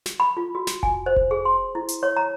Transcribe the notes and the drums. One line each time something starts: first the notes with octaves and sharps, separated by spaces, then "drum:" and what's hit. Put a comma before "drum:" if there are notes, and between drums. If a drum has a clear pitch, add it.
drum: snare
B5
F4
F#4
drum: snare
G#5, drum: kick F1
C5
drum: kick F1
G#4
C6
E4
drum: hi-hat
C#5
A#5